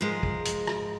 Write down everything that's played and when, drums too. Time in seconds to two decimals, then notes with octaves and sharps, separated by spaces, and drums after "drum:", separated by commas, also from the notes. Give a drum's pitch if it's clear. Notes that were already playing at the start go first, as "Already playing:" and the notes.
0.01 G#2 F3 G#3 A#4
0.23 drum: kick
0.45 drum: hi-hat
0.67 drum: rim click